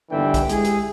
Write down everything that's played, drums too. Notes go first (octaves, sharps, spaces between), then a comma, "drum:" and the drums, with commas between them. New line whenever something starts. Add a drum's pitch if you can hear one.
G1 D#2 D3 E3 E5 G5
drum: kick, hi-hat
G#3 E4 G4 G#4, drum: hi-hat
drum: hi-hat